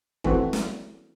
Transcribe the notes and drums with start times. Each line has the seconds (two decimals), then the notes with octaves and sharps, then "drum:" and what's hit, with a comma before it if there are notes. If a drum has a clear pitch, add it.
0.24 E3 A3 C4 F#4, drum: kick
0.53 drum: snare